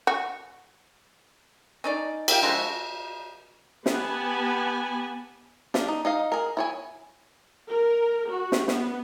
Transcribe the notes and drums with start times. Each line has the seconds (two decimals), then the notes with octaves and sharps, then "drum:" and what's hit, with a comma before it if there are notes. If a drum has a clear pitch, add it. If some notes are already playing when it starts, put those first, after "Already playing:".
0.07 F#4
1.84 C#4 D#4 D5
2.28 G4 E5 F5 G5, drum: cymbal
2.42 F3 G#3 E4 F#4
3.86 B3 G4 F#5 G#5 A5 B5, drum: snare
5.74 D4 F4, drum: snare
5.88 D#4
6.05 D#4 D#5 F5
6.32 G#4 A#4
6.57 E4 C#5 G#5
7.71 A#4
8.30 F#4
8.52 drum: snare
8.68 B3, drum: snare